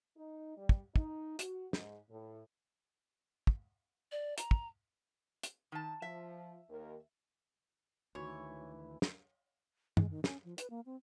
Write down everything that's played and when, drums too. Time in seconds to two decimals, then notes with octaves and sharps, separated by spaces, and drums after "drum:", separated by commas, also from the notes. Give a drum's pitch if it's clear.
0.18 D#4
0.57 G3
0.69 drum: kick
0.96 D#4, drum: kick
1.39 F#4, drum: hi-hat
1.73 G#2, drum: snare
2.10 A2
3.47 drum: kick
4.12 D5
4.38 A#5, drum: hi-hat
4.51 drum: kick
5.43 drum: hi-hat
5.72 D#3 A5
6.02 F3 E5
6.69 D#2 A#4
8.15 D2 D#3 E3 F#4 C#5 E5
9.02 drum: snare
9.97 G#3, drum: tom G2
10.10 D#3
10.24 C#4, drum: snare
10.44 F3
10.58 B4, drum: hi-hat
10.70 A#3
10.86 C4